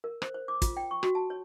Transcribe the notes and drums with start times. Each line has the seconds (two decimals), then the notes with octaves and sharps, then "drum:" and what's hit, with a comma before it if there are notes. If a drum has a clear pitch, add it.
0.04 A#4
0.22 C5, drum: rim click
0.34 C5
0.48 D6
0.62 F4, drum: kick, hi-hat
0.77 G5
0.91 C#6
1.03 F#4, drum: rim click
1.15 A5
1.30 C#5